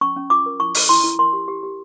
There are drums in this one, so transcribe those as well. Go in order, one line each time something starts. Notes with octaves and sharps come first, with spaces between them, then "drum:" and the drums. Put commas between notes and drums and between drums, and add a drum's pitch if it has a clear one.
C#4 C#6
C#4
F4 D6
A#4
E4 C#6
A4, drum: open hi-hat
E4 C6
E4
A#4 C6
G4
G4
G4